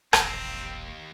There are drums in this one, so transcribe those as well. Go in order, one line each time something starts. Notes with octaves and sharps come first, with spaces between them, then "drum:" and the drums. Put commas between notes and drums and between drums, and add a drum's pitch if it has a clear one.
E1 A#1 D#2 C4 A#5, drum: rim click